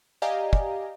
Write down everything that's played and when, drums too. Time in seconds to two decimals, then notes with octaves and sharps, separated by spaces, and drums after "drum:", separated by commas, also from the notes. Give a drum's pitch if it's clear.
0.22 G4 D5 D#5 F5 G#5 A#5
0.53 drum: kick